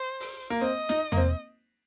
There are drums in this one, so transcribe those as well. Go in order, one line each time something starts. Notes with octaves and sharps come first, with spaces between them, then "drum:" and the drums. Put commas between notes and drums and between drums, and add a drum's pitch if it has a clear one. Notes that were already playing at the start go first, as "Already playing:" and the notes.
Already playing: C5
drum: open hi-hat
A#3
C4 D#5
D#4, drum: snare
A#3, drum: tom E2
C4